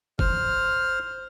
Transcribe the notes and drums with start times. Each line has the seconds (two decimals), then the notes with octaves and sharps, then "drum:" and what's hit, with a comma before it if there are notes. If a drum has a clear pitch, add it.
0.19 C5 F6, drum: kick F1